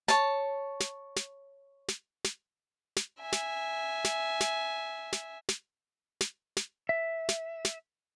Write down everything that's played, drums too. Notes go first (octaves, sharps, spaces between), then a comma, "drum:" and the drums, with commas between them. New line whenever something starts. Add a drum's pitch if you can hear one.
C#5 A5, drum: snare
drum: snare
drum: snare
drum: snare
drum: snare
drum: snare
E5 G#5
drum: snare
drum: snare
drum: snare
drum: snare
drum: snare
drum: snare
drum: snare
E5
drum: snare
drum: snare